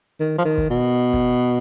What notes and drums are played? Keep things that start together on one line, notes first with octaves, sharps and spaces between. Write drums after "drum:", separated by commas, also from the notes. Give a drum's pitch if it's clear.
D#3
F3
D#3
drum: kick
B2
drum: kick